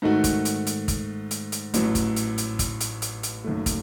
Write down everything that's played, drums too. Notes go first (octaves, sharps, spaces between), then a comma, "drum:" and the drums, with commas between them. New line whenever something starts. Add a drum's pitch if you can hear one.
G#2 D#3 A3 D#4 F#4
drum: kick, hi-hat
drum: hi-hat
drum: hi-hat
drum: kick, hi-hat
drum: hi-hat
drum: hi-hat
A1 A2 F#3, drum: hi-hat
drum: kick, hi-hat
drum: hi-hat
drum: hi-hat
drum: kick, hi-hat
drum: hi-hat
drum: hi-hat
drum: hi-hat
F#1 F#2 D#3 A3
drum: kick, hi-hat